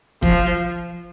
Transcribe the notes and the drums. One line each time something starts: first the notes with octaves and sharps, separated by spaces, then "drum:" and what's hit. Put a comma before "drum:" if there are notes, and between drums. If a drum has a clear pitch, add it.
F3, drum: kick